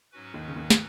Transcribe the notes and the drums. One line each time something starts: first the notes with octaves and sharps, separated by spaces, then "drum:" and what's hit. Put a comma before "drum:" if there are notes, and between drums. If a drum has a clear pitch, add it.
G#2 F#3 C#4 F#4 B4
D#2 D#3
C#3
D#2 D#3
drum: snare